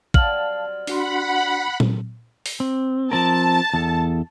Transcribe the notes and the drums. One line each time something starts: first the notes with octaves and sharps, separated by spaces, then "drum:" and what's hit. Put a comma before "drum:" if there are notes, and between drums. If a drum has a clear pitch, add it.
F#3 G3 C4 F5 A5 F6 F#7, drum: kick
D4 F#4 F#5 B5 C6, drum: open hi-hat
drum: tom A#2
drum: open hi-hat
C4
F3 C4 A#4 A5
E2 A4